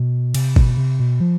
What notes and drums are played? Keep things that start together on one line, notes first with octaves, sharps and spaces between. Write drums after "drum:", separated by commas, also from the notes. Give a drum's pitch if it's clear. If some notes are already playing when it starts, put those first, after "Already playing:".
Already playing: B2
C3, drum: cymbal
B2, drum: kick
C3
B2
F3